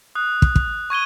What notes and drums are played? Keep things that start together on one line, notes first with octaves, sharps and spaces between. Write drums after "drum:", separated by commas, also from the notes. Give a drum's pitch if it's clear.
D#6 F#6
drum: kick
drum: kick
C#6 G#6 D#7 G7